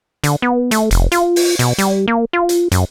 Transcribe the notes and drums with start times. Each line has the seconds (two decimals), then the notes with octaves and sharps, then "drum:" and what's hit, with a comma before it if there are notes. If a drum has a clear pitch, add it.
0.24 D3, drum: hi-hat
0.42 B3
0.71 A3, drum: hi-hat
0.91 F1, drum: hi-hat
1.12 F4, drum: hi-hat
1.36 drum: open hi-hat
1.59 B2, drum: hi-hat
1.78 G3, drum: hi-hat
2.08 A#3
2.33 F4
2.49 drum: hi-hat
2.72 F#2, drum: hi-hat